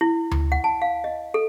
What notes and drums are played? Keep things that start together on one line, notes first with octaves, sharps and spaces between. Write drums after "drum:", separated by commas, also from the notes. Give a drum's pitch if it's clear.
E4
drum: tom D2
F#5
A5
F5
D#5
A4